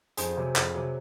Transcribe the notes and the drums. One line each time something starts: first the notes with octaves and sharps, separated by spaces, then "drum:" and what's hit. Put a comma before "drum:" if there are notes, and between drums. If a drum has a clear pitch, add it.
F2 G#4 C5, drum: hi-hat
C3 F#3
F2, drum: clap
C3 F#3